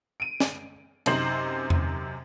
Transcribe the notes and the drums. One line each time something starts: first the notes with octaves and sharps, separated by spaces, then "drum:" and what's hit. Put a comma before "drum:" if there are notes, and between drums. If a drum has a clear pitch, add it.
D7 D#7
drum: snare
F#2 C3 D#4 C5 C7 F#7, drum: cymbal
drum: tom E2